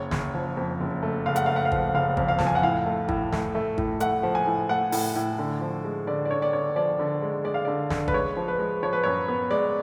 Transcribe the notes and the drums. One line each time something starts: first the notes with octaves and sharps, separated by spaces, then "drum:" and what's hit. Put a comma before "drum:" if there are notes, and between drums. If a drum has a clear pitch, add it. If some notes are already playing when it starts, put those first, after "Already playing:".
Already playing: F#1 C#5
F#1, drum: snare
F3
F2
F#1
A3
F#1 F5
F#5, drum: hi-hat
A3 F5
F#5
F5
F3, drum: kick
F#1 F5
F2, drum: kick
F5
F2 A5, drum: snare
G#5
F#5
A2 F5
A3
A2, drum: kick
A3, drum: snare
A3
A2, drum: kick
A3 F#5, drum: hi-hat
F3
G#5
A2
A3 F#5
A2, drum: open hi-hat
A2
D3
F3
G#3
D3 D5
D5
D3 C#5
D5
D3 C#5
F3 D5
D3
G#3
G#3 D5
F5
D3 D5
D3, drum: snare
B4, drum: kick
G#3 C#5
F3
B4
G#3
F3 C#5
B4
F#2 C#5
B3
G#3 D5